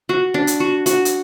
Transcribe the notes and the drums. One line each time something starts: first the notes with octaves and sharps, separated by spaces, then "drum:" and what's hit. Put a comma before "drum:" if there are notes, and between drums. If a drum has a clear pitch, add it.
F#4
D4
drum: hi-hat
F#4
F#4, drum: hi-hat
drum: hi-hat